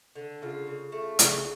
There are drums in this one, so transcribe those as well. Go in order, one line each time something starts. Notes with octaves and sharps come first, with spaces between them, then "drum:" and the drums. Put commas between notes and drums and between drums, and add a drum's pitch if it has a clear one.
D3
C#3 F4
C#3
A3
C#3, drum: hi-hat